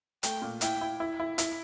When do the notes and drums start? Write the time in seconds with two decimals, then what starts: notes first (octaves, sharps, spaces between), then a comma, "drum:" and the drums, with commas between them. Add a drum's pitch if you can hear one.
0.23 A3 G5, drum: hi-hat
0.42 A#2
0.61 E4 G5, drum: hi-hat
0.81 E4
1.00 E4
1.20 E4
1.38 E4, drum: hi-hat